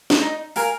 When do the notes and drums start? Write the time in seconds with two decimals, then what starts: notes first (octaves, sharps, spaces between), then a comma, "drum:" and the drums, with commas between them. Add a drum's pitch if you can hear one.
0.10 drum: snare
0.21 D#4
0.56 A#4 F5 G#5, drum: open hi-hat